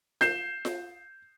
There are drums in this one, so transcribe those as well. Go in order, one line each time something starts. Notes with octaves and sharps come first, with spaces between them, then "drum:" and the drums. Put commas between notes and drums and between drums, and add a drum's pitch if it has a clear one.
G6 C7 E7, drum: snare F4
drum: snare F4